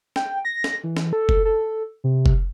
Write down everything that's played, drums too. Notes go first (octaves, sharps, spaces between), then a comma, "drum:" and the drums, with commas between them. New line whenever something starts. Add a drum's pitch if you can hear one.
G5, drum: snare
A#6
drum: snare
E3
drum: snare
A4
drum: kick
A4
C3
drum: kick